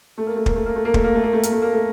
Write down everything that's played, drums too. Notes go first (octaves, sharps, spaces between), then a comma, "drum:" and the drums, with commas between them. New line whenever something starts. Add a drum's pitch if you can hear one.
A3
A#3
A3
A#3, drum: kick
A3
A#3
A3
A#3
A3, drum: kick
A#3
A3
A#3
A3
A#3, drum: hi-hat
A3
A#3
A3